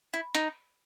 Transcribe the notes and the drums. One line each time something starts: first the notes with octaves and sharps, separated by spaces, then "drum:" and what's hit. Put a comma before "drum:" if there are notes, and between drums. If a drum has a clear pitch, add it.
E4
D#4, drum: hi-hat